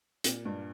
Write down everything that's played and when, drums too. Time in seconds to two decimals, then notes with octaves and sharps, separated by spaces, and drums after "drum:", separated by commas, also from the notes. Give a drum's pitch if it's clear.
0.24 A#2 C4, drum: hi-hat
0.45 G2 G#3